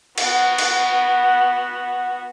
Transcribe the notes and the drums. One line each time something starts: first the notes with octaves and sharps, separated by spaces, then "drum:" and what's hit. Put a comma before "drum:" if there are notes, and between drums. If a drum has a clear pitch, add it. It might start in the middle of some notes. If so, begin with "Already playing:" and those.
B3 F#4, drum: cymbal
drum: cymbal